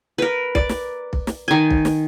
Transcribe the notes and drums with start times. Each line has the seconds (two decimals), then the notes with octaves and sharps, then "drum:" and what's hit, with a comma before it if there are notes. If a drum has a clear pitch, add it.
0.18 A#4 B4
0.55 D5, drum: kick B1
0.69 drum: snare
1.13 drum: kick B1
1.27 drum: snare
1.48 D#3 G#5
1.70 drum: kick B1
1.85 drum: snare